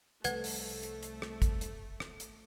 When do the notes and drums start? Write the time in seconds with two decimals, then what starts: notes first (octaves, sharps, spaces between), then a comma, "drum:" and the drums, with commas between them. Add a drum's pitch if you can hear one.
0.24 C2 F3 G3 A3 B4 F#5 G#6, drum: hi-hat
0.44 drum: open hi-hat
0.83 drum: hi-hat
1.03 drum: hi-hat
1.22 drum: rim click
1.42 drum: kick, hi-hat
1.61 drum: hi-hat
2.00 drum: rim click
2.20 drum: hi-hat